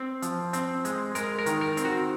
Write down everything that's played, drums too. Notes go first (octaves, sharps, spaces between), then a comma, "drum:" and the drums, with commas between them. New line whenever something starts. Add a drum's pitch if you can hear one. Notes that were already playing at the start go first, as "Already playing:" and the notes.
Already playing: C4
F3, drum: hi-hat
C4, drum: hi-hat
G#3, drum: hi-hat
G#3 A#4, drum: hi-hat
A#4
D#3, drum: hi-hat
A#4
C4, drum: hi-hat
F#4